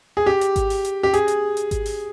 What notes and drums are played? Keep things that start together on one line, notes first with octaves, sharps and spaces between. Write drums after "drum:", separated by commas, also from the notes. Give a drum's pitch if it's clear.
G#4
G4
drum: hi-hat
drum: kick G#1, hi-hat
drum: open hi-hat
drum: hi-hat
G4
G#4, drum: hi-hat
drum: hi-hat
drum: hi-hat
drum: kick G#1, hi-hat
drum: open hi-hat